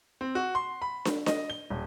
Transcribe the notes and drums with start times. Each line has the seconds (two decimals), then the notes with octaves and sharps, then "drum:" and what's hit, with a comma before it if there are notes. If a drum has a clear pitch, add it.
0.21 C4
0.35 F#4
0.55 C6
0.82 B5
1.05 drum: snare
1.26 D#5, drum: snare
1.50 G7
1.70 D#1